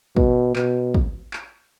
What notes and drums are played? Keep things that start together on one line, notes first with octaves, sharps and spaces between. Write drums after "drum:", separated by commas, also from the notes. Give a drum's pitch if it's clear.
B2, drum: kick
B2, drum: clap
drum: kick
drum: clap